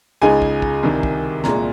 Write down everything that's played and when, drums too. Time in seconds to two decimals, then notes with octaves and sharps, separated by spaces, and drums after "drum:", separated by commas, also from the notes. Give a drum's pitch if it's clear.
0.21 C#2 C#3 G#3 D#4 G#5
0.42 drum: kick
0.62 drum: kick
0.83 C2 C3 D#3
1.03 drum: kick
1.44 C2 A#2 G#3 A#5, drum: snare